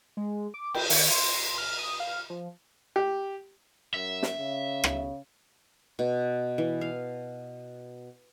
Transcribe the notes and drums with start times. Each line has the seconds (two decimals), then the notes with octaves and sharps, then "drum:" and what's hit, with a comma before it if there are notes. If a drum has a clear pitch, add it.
0.17 G#3
0.54 D6
0.74 G5, drum: cymbal
0.90 D#3, drum: open hi-hat
1.11 C6
1.58 F6
1.79 D#6
2.00 F5
2.30 F3
2.96 G4
3.94 F#2 E5
4.23 drum: snare
4.38 C#3
4.84 drum: rim click
5.99 B2
6.58 E3
6.81 F5